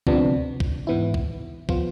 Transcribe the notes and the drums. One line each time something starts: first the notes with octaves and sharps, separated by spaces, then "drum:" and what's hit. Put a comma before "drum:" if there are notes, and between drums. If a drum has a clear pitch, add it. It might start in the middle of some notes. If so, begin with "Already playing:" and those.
D2 C3 F3 B3 D4, drum: kick
drum: kick
G#2 E3 B3 E4
drum: kick
F3 B3 F4, drum: kick